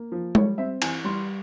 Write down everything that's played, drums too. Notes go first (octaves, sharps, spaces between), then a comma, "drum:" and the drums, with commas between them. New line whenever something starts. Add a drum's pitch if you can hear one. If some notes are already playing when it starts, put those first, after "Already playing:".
Already playing: A#3
F3
G3 C#5, drum: tom G#3
C4 E5
E3 G#5, drum: cymbal
G3 C6